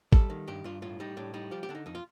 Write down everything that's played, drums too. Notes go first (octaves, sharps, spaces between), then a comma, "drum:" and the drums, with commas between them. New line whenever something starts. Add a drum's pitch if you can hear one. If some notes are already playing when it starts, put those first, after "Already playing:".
G3 A4, drum: kick
D#3
G2 G4
G2 F4
A2 F4
G3 D#4
A2 D4
G3 D#4
F3 G4
G4
D3 D4
D#4
F2 D#4
F4